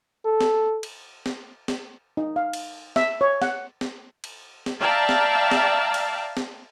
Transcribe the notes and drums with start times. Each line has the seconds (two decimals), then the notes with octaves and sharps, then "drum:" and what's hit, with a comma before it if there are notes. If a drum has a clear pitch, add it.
0.25 A4
0.41 drum: snare
0.83 drum: cymbal
1.26 drum: snare
1.68 drum: snare
2.17 D#4
2.36 F5
2.53 drum: cymbal
2.96 E5, drum: snare
3.21 C#5
3.42 F#5, drum: snare
3.81 drum: snare
4.24 drum: cymbal
4.66 drum: snare
4.80 D5 E5 F5 G5 A5 A#5
5.09 drum: snare
5.51 drum: snare
5.94 drum: cymbal
6.37 drum: snare